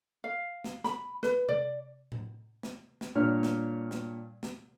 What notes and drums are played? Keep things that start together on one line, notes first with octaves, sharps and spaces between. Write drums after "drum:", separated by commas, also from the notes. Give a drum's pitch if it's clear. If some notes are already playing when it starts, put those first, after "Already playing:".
F5
drum: snare
B5, drum: snare
B4, drum: snare
D5, drum: tom C3
drum: tom A2
drum: snare
drum: snare
G2 A#2 C#5 F6
drum: snare
drum: snare
drum: snare